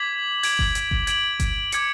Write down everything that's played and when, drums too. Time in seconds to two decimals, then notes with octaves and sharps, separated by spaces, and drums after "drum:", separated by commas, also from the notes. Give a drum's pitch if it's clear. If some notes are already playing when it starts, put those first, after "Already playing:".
Already playing: D6 G#6 B6 F#7
0.43 G#6 D7 F#7, drum: open hi-hat
0.59 drum: kick G1
0.75 drum: hi-hat
0.91 drum: kick G1
1.07 G#6 D7 F#7, drum: hi-hat
1.40 drum: kick G1, hi-hat
1.72 D6 G#6 C#7 F#7, drum: hi-hat